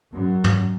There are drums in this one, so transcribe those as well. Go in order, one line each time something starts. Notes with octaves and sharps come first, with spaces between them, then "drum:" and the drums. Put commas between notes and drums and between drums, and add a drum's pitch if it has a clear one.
F#2
drum: tom